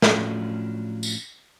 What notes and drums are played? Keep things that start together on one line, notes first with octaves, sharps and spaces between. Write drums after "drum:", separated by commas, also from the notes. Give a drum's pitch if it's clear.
A2 F3 F#3 C#4 D4, drum: snare
drum: tambourine